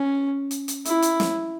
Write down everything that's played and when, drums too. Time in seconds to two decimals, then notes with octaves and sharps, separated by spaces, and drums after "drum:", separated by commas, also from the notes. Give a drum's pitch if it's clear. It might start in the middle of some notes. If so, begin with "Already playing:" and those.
Already playing: C#4
0.51 drum: hi-hat
0.68 drum: hi-hat
0.85 E4, drum: hi-hat
1.02 drum: hi-hat
1.20 drum: snare